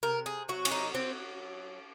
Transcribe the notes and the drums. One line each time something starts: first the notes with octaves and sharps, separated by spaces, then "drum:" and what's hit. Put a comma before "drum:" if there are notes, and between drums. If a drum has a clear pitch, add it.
C3 A#4
G#4
F#3 F#4
C#4, drum: cymbal
D#4
F#3 C4